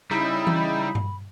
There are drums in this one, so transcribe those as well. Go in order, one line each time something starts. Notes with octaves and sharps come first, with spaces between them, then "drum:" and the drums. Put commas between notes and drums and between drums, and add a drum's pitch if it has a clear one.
C#3 G3 D#4 E4 E5 B5
drum: tom E3
drum: tom G2